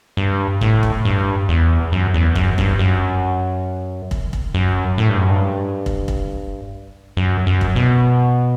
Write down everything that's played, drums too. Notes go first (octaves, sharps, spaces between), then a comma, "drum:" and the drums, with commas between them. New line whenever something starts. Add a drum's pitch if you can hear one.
G2
A2, drum: kick
drum: kick
G2
E2
F#2
E2
F#2, drum: kick
G2, drum: kick
F#2
drum: kick
drum: kick
F#2
A2
G2
F#2
G2
drum: kick
drum: kick
F#2
F#2
drum: kick
B2